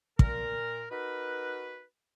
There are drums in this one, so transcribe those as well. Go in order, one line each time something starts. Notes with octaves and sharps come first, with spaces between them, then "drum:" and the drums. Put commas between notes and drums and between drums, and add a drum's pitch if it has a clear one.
A#2 A#4, drum: kick
D#4 F#4 A#4 B4